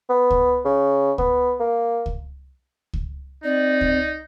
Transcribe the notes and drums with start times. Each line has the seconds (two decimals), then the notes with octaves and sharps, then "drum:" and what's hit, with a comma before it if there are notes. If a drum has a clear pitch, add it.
0.10 B3
0.31 drum: kick C#2
0.65 C#3
1.18 B3, drum: kick C#2
1.60 A#3
2.06 drum: kick C#2
2.93 drum: kick C#2
3.44 C4 D#4 D5
3.81 drum: kick C#2